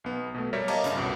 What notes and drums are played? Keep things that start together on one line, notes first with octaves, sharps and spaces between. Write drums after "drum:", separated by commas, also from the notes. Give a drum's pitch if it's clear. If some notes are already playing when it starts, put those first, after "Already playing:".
B1 B3
B2 A3
G3 G4 A#4 C#5 E5
C#5 D#5 F5 A5 A#5 D6, drum: cymbal
G2 C#3, drum: hi-hat
C2 F2 B2